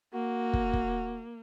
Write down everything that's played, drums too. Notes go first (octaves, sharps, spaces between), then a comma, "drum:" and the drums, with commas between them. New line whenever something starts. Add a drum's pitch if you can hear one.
A#3 F#4
drum: kick
drum: kick